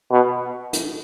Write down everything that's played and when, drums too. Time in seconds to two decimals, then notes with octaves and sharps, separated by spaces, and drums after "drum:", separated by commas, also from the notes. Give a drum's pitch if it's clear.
0.11 B2
0.73 drum: hi-hat